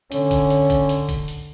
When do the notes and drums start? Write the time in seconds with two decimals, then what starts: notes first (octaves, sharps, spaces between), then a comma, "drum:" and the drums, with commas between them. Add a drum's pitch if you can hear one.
0.12 D3 C#4, drum: hi-hat
0.31 drum: kick A#1, hi-hat
0.50 drum: hi-hat
0.70 drum: kick A#1, hi-hat
0.89 drum: hi-hat
1.09 drum: kick A#1, hi-hat
1.28 drum: hi-hat